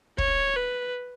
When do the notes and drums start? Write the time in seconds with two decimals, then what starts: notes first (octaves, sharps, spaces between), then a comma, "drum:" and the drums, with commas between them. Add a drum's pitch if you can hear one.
0.18 C#5, drum: kick
0.56 B4